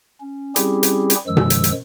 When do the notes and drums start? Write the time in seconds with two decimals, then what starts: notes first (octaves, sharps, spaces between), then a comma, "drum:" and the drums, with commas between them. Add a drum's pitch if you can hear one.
0.21 C#4
0.56 G3 C4 C#4 E4 G4 G#4, drum: hi-hat
0.83 drum: hi-hat
1.10 drum: hi-hat
1.27 F#2 D#3 F3 G#3 E6
1.37 drum: tom B2
1.50 drum: hi-hat
1.64 drum: hi-hat